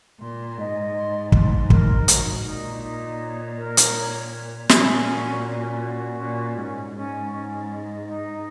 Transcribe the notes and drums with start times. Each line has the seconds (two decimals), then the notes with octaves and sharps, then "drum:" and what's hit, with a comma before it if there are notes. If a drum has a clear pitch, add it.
0.20 A#2 C6
0.57 G#2 D#5
0.95 C6
1.32 C6, drum: kick
1.70 A#4, drum: kick
2.08 F#4, drum: hi-hat
2.44 A#2 D#4
2.82 D#4
3.20 C#5
3.57 A#4
3.77 drum: hi-hat
3.95 C#5
4.32 C#5
4.69 A#2 C#4, drum: snare
5.06 F#4
5.44 C#4
5.81 F#4
6.19 A#2 C#4
6.56 G#2 C#4
6.94 G#2 C#4
7.31 C#4
7.69 D#5
8.06 D#4